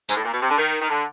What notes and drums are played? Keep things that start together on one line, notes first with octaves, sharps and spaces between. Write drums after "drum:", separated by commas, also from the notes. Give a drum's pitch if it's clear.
G#2, drum: tambourine
A2
A#2
B2
C3
D3
D#3
D#3
D3